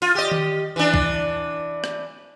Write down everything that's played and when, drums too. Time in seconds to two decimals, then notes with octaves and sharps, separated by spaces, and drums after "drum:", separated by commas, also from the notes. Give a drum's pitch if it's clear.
0.02 F4, drum: open hi-hat
0.15 G4 D#5
0.32 drum: tom D#3
0.76 E3 D4
0.94 drum: kick
1.84 drum: rim click